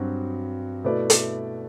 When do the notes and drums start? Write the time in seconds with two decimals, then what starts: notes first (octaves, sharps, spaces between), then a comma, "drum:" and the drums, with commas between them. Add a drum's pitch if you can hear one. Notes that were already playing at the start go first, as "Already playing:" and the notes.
Already playing: G2 F#3 C4 F#4
0.84 B2 A3 E4 B4 D5
1.10 drum: hi-hat